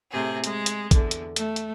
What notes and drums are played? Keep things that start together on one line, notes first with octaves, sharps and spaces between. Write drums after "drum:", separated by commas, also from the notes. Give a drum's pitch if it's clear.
A2 C3 C4 G#4
G#3, drum: hi-hat
drum: hi-hat
E2 D3, drum: kick, hi-hat
drum: hi-hat
A3, drum: hi-hat
drum: hi-hat